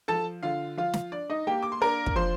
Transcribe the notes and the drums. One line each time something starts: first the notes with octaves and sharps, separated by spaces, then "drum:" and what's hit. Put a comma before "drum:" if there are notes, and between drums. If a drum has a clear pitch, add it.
F3 A4 A5
D3 F4 F5
F3 F4 F5
drum: snare
D4 D5
D#4 D#5
A#3 G4 G5
D6
C6
D4 A#4 A#5
drum: kick
F3 C5 C6